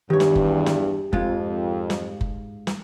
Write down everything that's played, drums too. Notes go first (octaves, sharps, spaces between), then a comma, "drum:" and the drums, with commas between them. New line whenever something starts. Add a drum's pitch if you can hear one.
E2 G2 D#3 G4 C#5
drum: snare
drum: kick F#1
drum: snare
F2 G#2 G#3 F4, drum: kick F#1
drum: snare
drum: kick F#1
drum: snare